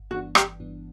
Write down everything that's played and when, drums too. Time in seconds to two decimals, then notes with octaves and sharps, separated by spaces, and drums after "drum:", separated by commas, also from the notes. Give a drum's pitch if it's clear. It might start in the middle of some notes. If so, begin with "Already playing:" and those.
Already playing: G1
0.11 G2 E3 B3 D4 F#4
0.35 G1 G4, drum: rim click
0.60 G2 E3 B3 D4